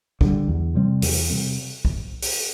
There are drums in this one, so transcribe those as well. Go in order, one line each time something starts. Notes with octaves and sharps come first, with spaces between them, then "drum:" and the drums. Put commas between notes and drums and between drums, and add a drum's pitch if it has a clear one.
D3 G3, drum: kick B1
E2
C3 G3 C4
E2, drum: open hi-hat
C3 G3 C4
drum: kick B1
drum: open hi-hat